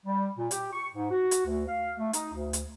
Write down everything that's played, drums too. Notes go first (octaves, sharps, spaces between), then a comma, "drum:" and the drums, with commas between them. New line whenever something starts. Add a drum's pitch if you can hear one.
G3
A#2
G4, drum: hi-hat
C#6
G#2
F#4
drum: hi-hat
D2
F5
A3
D#4, drum: hi-hat
D2
drum: hi-hat